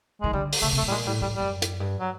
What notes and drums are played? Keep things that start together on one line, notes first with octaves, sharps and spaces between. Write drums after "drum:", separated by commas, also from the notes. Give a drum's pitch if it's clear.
D#3 G#3
D3 G3
drum: open hi-hat
C#3 A3
C3
A3
B2
A2 G3
A#2 G#3
A2 G3
A2 G3
F#2 G3
drum: hi-hat
G2
F#3